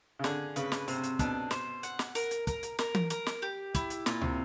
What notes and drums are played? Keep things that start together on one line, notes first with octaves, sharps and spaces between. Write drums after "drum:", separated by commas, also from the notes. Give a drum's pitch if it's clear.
C#3
D3 G#4, drum: snare
C#3 B4, drum: hi-hat
drum: snare
C3 C5, drum: open hi-hat
drum: hi-hat
B2 D4, drum: kick, hi-hat
C5, drum: snare
F#5, drum: hi-hat
drum: snare
A#4, drum: open hi-hat
drum: hi-hat
A#4, drum: kick, hi-hat
drum: hi-hat
A#4, drum: snare
drum: tom E3
A#4, drum: hi-hat
drum: snare
G4
E4, drum: kick, hi-hat
drum: hi-hat
A#2 F4, drum: snare
C3, drum: tom C#2